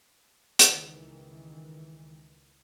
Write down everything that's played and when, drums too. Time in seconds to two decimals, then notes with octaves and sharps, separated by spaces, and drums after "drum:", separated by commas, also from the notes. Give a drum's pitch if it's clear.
0.59 C#2 D#3 E3, drum: hi-hat